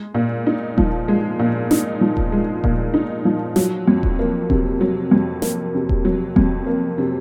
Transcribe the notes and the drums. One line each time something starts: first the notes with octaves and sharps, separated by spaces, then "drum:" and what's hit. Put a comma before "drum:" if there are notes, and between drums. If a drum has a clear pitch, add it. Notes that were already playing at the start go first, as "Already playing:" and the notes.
Already playing: G#3
A#2
D#4
F3, drum: kick D#1
G#3
A#2
D#4, drum: snare
F3
drum: kick D#1
G#3
A#2, drum: kick D#1
D#4
F3
F#3, drum: snare
F2
drum: kick D#1
A#3
C3, drum: kick D#1
F#3
F2
A#3, drum: snare
C3
drum: kick D#1
F#3
F2, drum: kick D#1
A#3
C3